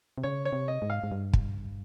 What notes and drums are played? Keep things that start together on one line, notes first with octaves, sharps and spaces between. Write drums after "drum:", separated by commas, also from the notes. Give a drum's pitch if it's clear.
C3
C#3 C#5
C#5
C3
D#5
G#2
F5
G#2
G2
drum: kick